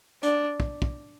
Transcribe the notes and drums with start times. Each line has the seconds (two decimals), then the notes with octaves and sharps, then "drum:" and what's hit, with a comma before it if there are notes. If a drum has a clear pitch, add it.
0.23 D4, drum: hi-hat
0.60 drum: kick
0.82 drum: kick